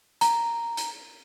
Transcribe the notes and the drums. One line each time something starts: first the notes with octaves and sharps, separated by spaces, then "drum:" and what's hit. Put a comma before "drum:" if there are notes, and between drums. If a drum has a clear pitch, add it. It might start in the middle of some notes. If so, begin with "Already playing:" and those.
A#5, drum: hi-hat
drum: hi-hat